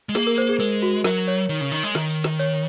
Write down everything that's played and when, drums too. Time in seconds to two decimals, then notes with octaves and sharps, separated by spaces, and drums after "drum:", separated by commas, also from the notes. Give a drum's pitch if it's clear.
0.09 G#3
0.15 A#3 G#4, drum: snare
0.27 A#4
0.38 C5
0.49 G#4
0.60 G#3 A#4, drum: tambourine
0.82 F#4
1.04 F#3 A#4, drum: snare
1.28 C#5
1.49 D#3
1.61 C#3
1.72 D#3
1.83 G#3
1.95 D#3, drum: snare
2.09 drum: tambourine
2.24 drum: snare
2.39 C#5, drum: tambourine